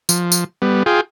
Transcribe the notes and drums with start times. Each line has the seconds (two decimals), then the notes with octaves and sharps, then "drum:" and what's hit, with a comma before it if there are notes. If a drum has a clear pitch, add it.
0.09 F3, drum: tambourine
0.32 drum: tambourine
0.62 G3 B3
0.86 F4 G#4 G5